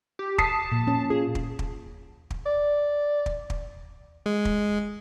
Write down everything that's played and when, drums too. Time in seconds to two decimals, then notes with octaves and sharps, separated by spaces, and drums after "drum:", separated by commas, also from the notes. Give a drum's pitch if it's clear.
0.19 G4
0.38 A5 D#6 B6 C7, drum: kick
0.72 A#2
0.87 C#4
1.10 F4 G#4
1.35 drum: kick
1.59 drum: kick
2.30 drum: kick
2.46 D5
3.26 drum: kick
3.50 drum: kick
4.26 G#3
4.45 drum: kick